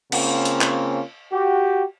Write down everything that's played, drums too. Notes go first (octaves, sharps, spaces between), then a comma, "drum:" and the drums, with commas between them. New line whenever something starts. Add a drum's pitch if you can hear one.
C#3 A#3 C4 C#4 F4, drum: cymbal
drum: hi-hat
drum: clap
F#4 G4